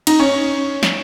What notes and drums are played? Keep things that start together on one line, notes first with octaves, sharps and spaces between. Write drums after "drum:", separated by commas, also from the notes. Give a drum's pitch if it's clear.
D#4, drum: cymbal
C#4
drum: snare